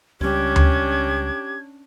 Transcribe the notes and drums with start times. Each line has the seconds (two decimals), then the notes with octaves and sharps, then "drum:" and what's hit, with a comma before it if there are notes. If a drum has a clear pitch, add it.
0.21 C#2 G3 C#4 D4 G4 G#6
0.56 drum: tom D2